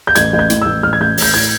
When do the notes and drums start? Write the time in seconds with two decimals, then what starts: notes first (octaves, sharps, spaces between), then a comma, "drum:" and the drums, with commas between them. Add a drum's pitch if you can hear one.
0.07 G6
0.15 A1 G#6, drum: hi-hat
0.33 A1
0.39 G6
0.50 A2, drum: hi-hat
0.61 A1 E6
0.83 A1 F6
0.93 G#6
1.01 A1 G6
1.17 A1 G6, drum: open hi-hat
1.34 A2 G#6